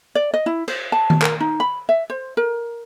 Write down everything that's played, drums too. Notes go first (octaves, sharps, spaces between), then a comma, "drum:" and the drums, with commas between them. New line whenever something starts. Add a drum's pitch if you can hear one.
D5
D#5
E4
C5, drum: cymbal
A5
drum: tom D#3
A#4, drum: clap
D#4
B5
E5
C5
A#4